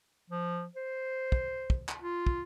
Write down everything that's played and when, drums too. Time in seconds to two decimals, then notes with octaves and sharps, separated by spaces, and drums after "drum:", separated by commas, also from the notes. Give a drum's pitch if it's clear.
0.30 F3
0.76 C5
1.32 drum: kick
1.70 drum: kick
1.89 drum: clap
2.02 F4
2.26 drum: kick